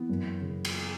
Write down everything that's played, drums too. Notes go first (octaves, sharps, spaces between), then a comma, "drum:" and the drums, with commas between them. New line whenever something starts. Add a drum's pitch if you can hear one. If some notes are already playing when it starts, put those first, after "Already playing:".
Already playing: E3 B3
F#2
C#3
drum: cymbal